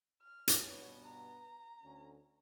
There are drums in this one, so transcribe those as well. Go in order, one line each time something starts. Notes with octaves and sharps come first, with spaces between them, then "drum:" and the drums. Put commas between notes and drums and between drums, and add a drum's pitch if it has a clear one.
F6
drum: hi-hat
G2 B2 B3 C#5
A#5
D2 D3 C#4